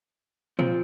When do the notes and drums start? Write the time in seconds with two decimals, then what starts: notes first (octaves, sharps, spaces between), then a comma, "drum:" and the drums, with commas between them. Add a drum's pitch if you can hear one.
0.59 A#2 F3 C4, drum: tom A#2